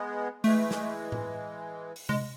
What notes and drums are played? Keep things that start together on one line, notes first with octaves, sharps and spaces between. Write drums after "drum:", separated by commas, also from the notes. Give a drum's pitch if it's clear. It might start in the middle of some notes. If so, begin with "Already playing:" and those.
Already playing: G#3 B3
E3 G#3 A3, drum: open hi-hat
drum: snare
drum: tom A2
drum: open hi-hat
G#3, drum: tom C3